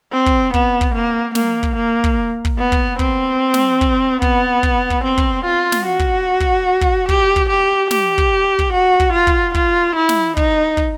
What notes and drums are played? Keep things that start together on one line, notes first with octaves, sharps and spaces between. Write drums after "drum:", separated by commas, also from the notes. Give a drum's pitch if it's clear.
C4
drum: kick
B3, drum: kick
drum: kick
A#3
A#3, drum: snare
drum: kick
A#3
drum: kick
drum: kick
B3
drum: kick
C4, drum: kick
drum: snare
drum: kick
B3, drum: kick
drum: kick
drum: kick
C4
drum: kick
F4
drum: snare
F#4
drum: kick
drum: kick
drum: kick
G4, drum: kick
drum: kick
G4
G4, drum: snare
drum: kick
drum: kick
F#4
drum: kick
F4
drum: kick
F4, drum: kick
E4
drum: snare
D#4, drum: kick
drum: kick